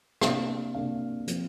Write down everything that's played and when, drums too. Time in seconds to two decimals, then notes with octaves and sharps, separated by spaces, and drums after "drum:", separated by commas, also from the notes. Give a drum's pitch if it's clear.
0.21 C3 A#3 D4 F5, drum: rim click
0.75 C3 A#3 D4 F5
1.27 F3 C4, drum: hi-hat